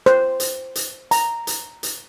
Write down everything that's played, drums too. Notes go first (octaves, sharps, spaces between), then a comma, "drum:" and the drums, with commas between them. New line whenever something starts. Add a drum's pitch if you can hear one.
C5, drum: rim click
drum: hi-hat
drum: hi-hat
A#5, drum: hi-hat
drum: hi-hat
drum: hi-hat